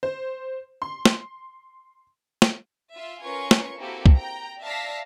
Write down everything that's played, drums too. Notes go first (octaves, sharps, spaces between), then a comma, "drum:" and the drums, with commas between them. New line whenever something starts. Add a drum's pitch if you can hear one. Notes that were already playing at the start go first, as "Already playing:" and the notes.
C5
C6
drum: snare
drum: snare
F4 E5
C#4 F4 A#4 B4 G#5 C#6
drum: snare
A#3 C4 E4 F#4 G4 A4
drum: kick
G5 A#5
D5 E5 F5 A5 A#6 B6